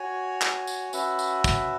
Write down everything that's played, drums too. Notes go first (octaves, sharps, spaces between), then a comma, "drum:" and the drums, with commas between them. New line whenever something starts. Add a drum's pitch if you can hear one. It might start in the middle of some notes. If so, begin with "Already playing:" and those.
Already playing: F#4 C#5 G#5
drum: clap
drum: tambourine
C#4 F#4 B4 E5, drum: tambourine
drum: tambourine
drum: kick, tambourine